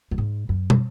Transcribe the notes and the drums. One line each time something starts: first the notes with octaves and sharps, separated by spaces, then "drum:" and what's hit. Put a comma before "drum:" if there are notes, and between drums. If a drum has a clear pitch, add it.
F#2
G#2
F#2
drum: tom